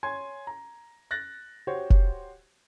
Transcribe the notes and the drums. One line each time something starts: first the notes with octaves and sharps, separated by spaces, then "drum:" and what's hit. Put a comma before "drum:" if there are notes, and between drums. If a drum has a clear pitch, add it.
C#5 G#5 C6 G#6
A#5
F#6 A6 A#6
F#4 G4 C5 C#5
drum: kick F1